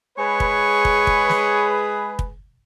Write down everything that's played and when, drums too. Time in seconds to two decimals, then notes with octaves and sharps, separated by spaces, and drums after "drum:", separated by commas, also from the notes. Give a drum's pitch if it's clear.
0.18 G#3 G#4 B4 C#5
0.40 drum: kick
0.85 drum: kick
1.07 drum: kick
1.29 drum: snare
2.19 drum: kick